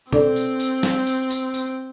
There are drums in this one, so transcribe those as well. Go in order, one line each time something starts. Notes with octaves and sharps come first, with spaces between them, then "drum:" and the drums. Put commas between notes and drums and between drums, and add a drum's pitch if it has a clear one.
C4 D4 A4 D5, drum: tom
drum: tambourine
drum: tambourine
drum: snare
drum: tambourine
drum: tambourine
drum: tambourine